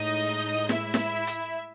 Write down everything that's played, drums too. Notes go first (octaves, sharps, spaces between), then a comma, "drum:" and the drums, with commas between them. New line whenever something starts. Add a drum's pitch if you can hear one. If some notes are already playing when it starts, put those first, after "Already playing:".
Already playing: A2 G#3 D#4 D#5
E4 E5, drum: snare
drum: snare
drum: hi-hat